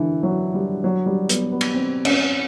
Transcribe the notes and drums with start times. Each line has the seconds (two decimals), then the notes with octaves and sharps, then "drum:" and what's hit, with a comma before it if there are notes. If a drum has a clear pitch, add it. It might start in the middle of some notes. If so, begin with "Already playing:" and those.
Already playing: D3 E3
0.23 F#3
0.54 G3
0.84 F#3
1.06 G3
1.29 B3, drum: hi-hat
1.52 B3
1.61 drum: cymbal
1.74 C4
2.05 C#4, drum: cymbal